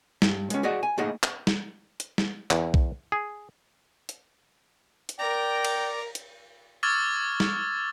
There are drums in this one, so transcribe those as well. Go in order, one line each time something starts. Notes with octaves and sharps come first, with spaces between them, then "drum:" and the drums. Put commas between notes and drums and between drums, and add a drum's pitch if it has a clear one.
G2, drum: snare
G#3 C#4, drum: hi-hat
F#4 G#4 D5 D#5 F#5
G#5
A3 A#3 D#4 G#4 D#5 F#5
drum: clap
drum: snare
drum: hi-hat
drum: snare
E2, drum: clap
drum: kick B1
G#4
drum: hi-hat
drum: hi-hat
A#4 D5 G5 A#5
drum: cymbal
drum: hi-hat
C#6 D6 E6 F6 G#6 A6
drum: snare